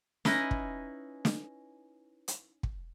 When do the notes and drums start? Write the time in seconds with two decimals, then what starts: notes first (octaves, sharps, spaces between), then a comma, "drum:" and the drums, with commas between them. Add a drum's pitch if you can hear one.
0.25 C#4 D#4 E4 B4 D#5, drum: snare
0.51 drum: kick
1.25 drum: snare
2.28 drum: hi-hat
2.63 drum: kick